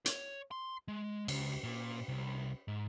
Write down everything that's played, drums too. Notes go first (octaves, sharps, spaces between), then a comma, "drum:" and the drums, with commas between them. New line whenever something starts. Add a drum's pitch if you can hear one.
C#5, drum: hi-hat
C6
G#3
C#2, drum: cymbal
A#2
C2
G#2